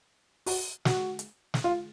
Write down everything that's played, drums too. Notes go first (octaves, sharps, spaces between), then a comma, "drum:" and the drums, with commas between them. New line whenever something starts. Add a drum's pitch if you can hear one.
F#4, drum: open hi-hat
F#4, drum: snare
drum: hi-hat
drum: snare
F4